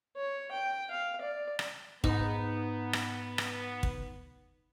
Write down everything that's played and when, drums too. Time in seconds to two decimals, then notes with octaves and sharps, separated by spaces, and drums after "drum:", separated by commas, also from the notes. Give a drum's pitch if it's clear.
0.16 C#5
0.51 G5
0.91 F5
1.21 D5
1.59 drum: rim click
2.04 G#2 B3 D#4, drum: kick
2.93 drum: rim click
3.38 drum: rim click
3.83 drum: kick